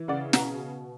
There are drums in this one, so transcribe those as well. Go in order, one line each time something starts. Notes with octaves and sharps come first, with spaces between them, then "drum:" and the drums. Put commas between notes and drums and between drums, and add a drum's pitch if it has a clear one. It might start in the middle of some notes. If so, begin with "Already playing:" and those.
Already playing: E3
C#3 D5 F#5
B2 F#5 A#5, drum: snare